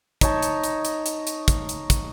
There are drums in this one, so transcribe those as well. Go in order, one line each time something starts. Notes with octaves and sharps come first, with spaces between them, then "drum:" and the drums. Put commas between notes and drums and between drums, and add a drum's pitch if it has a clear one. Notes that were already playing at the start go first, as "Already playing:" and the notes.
D#4 C#5 A5, drum: kick, hi-hat
drum: hi-hat
drum: hi-hat
drum: hi-hat
drum: hi-hat
drum: hi-hat
drum: kick, hi-hat
drum: hi-hat
drum: kick, hi-hat